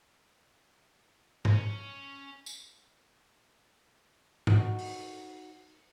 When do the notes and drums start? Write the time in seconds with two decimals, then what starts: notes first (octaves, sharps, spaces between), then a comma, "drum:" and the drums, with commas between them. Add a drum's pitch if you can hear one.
1.45 C#4, drum: tom G#2
2.46 drum: tambourine
4.47 D#4 F#4, drum: tom G#2
4.79 drum: open hi-hat